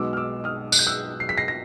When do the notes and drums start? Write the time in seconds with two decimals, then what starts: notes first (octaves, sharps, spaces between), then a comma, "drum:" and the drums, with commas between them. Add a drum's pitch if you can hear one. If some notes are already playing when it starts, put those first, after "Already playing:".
Already playing: B1 B2 G#3 B3 D6 E6
0.13 F6
0.17 D6 E6
0.44 D#6 F6
0.72 F#6, drum: tambourine
0.79 G6
0.87 E6 F#6
1.20 C7
1.29 B6
1.38 A#6 C7
1.48 A#6